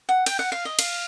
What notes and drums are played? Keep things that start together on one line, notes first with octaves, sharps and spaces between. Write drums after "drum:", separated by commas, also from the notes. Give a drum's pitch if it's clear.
F#5
G5, drum: cymbal
F#5
F5
D#5
F5, drum: cymbal